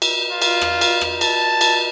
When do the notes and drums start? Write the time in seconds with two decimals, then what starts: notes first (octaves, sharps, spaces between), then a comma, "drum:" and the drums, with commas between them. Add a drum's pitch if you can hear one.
0.02 drum: cymbal
0.32 F4
0.42 drum: cymbal
0.61 drum: rim click
0.81 drum: cymbal
1.01 drum: rim click
1.21 A5, drum: cymbal
1.61 drum: cymbal